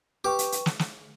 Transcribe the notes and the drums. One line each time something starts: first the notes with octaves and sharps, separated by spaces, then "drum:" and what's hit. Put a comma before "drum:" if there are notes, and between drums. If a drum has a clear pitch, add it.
G4 B4 G5 C#6
drum: hi-hat
drum: hi-hat
drum: snare
drum: snare